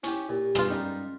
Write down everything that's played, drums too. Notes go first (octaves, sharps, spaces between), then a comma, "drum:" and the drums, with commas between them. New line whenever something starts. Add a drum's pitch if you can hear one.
C#4 E4 G4, drum: hi-hat
A#2 G4
B1 G2 G#3 F4, drum: rim click
G3 C#4 D#4 A#4